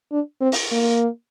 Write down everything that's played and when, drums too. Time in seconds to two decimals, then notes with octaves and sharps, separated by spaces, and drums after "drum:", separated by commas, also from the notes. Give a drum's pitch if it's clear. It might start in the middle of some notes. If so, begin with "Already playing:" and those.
0.12 D4
0.41 C4
0.52 drum: open hi-hat
0.72 A#3